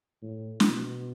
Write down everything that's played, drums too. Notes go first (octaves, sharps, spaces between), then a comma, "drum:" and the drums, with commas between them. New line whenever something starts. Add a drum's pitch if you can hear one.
A2
drum: snare
B2